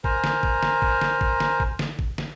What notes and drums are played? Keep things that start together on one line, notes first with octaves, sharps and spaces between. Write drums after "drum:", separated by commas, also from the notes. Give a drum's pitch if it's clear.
A#4 C5 G#5 A#5, drum: kick
drum: snare
drum: kick
drum: snare
drum: kick
drum: snare
drum: kick
drum: snare
drum: kick
drum: snare
drum: kick
drum: snare